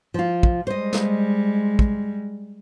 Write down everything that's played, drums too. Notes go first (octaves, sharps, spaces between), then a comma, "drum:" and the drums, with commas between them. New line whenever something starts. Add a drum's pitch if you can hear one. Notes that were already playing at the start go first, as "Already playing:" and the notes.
F3 F4
drum: kick
G3 G#3 C5 D#5
drum: snare
drum: kick